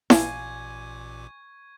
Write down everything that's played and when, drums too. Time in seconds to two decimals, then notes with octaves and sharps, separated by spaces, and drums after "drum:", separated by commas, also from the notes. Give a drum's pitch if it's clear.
0.10 A1 A#2 F5 G#5 C#6 D6 G#6, drum: snare E4